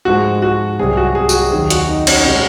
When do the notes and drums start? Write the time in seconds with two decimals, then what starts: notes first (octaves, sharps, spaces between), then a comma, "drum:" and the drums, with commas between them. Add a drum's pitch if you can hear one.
0.05 G#2 F3 G#3 F#4
0.42 F#4
0.79 C2 C3 F#3 G#4
0.97 F#4
1.15 G#4
1.29 F#4, drum: tambourine
1.34 G#4
1.52 D#2 D#3 F#3 G#4
1.70 F#4, drum: hi-hat
1.89 D#4
2.07 C#4, drum: cymbal
2.15 D#4
2.24 C3 F3 G#3 C#4